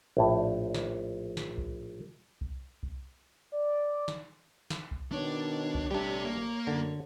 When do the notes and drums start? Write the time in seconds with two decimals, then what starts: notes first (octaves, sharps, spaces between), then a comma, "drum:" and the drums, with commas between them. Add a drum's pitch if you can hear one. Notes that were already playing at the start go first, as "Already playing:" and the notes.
0.17 A#1 A2
0.74 drum: snare
1.37 drum: snare
1.58 drum: kick C2
2.41 drum: kick C2
2.83 drum: kick C2
3.52 D5
4.08 drum: snare
4.70 drum: snare
4.91 drum: kick C2
5.12 B2 D#3 D4 C#5
5.75 drum: kick C2
5.91 A1 G3 D4 G4 E5
6.25 A#3
6.67 F#2 D3